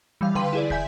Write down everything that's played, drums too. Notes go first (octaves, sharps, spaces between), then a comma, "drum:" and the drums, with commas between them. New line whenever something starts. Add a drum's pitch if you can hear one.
E3 G3 F5
D3 B4 F5 G5 C6 D#7
E4 G#4 D5
E5 G#5 G6 B6, drum: kick